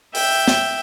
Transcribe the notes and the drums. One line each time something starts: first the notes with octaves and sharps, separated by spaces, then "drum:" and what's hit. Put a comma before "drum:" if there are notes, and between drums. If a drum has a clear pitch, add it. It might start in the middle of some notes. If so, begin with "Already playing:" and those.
E5 G5, drum: open hi-hat
drum: snare